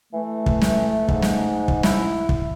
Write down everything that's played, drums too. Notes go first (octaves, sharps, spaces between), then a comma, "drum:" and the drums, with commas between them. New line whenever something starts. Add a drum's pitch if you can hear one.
E3 A3
drum: kick
drum: snare
G#2, drum: kick
drum: snare
drum: kick
E4, drum: snare
drum: kick